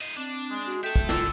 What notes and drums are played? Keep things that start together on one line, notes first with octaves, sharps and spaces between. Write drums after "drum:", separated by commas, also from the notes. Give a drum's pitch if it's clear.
C5 D#5
C4 D4
G#3
F#4
A4 E5 G5 A5
drum: kick
D3 F4 A4, drum: snare